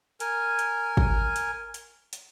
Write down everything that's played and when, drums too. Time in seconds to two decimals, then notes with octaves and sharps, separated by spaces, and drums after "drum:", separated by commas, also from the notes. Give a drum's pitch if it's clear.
0.20 A#4 G#5, drum: hi-hat
0.59 drum: hi-hat
0.97 drum: kick
1.36 drum: hi-hat
1.74 drum: hi-hat
2.13 drum: hi-hat